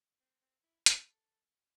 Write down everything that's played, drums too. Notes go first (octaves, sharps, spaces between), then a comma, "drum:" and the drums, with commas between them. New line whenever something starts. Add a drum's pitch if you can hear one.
C4
C4
E4
G4, drum: hi-hat
A4